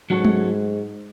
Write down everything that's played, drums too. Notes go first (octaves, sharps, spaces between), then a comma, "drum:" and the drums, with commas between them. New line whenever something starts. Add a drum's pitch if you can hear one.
G#2 F#3 C#4 F#4 A4 C#5
drum: tom G#3